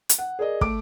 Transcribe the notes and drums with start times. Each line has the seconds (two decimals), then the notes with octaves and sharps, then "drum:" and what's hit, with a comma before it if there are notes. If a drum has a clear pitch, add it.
0.09 drum: hi-hat
0.18 F#5
0.39 G#4 A#4 D5 D#5
0.61 A3 D6 D7, drum: kick